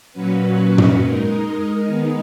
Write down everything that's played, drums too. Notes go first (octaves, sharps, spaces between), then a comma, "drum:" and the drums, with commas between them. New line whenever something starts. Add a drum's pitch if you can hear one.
A#2 F#3 C#4 F#4 B4
drum: tom
G#3 D#4 A#4 D#5
D#3 G#3 B3 D#4